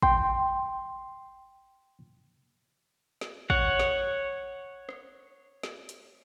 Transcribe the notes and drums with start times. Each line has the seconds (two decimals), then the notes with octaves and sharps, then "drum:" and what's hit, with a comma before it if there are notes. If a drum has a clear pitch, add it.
0.02 G5 C6, drum: kick
3.21 drum: snare
3.50 C#5 F#5, drum: kick
3.80 drum: snare
4.89 drum: rim click
5.63 drum: snare
5.89 drum: hi-hat